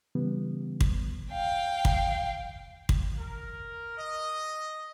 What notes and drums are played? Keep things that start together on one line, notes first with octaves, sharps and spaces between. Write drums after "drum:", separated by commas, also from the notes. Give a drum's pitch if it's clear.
C#3 E3 G3 B3
drum: kick
F5 G5
drum: kick
drum: kick
A#4
D#5